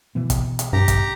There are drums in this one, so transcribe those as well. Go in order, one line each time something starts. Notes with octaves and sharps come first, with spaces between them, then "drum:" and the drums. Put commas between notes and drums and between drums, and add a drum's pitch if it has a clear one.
B2 E3 B3
drum: kick, hi-hat
drum: hi-hat
G2 G4 A#5
drum: kick, hi-hat